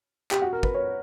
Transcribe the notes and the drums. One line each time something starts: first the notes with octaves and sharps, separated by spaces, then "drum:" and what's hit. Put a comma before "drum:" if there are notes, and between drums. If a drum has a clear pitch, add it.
G4, drum: clap
F#4
A#4
B4, drum: kick
C#5